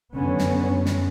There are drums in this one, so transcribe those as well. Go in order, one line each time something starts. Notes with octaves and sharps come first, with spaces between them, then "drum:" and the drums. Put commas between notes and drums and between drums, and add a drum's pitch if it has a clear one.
F#2 D3 B3 C#4
drum: snare
drum: snare